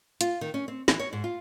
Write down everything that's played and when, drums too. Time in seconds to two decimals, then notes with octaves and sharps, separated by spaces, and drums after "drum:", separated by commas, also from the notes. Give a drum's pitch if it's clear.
0.21 F4, drum: hi-hat
0.41 D#3
0.54 C#4
0.68 C4
0.88 E3, drum: snare
0.99 C#5
1.13 G#2
1.24 F4